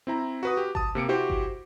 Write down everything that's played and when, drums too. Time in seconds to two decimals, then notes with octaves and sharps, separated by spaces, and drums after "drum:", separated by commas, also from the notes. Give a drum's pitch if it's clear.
0.07 C4 E4 A#5
0.43 F#4 B4 D#6
0.57 G4
0.75 A5 D#6, drum: kick G1
0.95 C3 A#3 C#7 D7
1.08 E4 F#4 G4 C5
1.30 drum: kick G1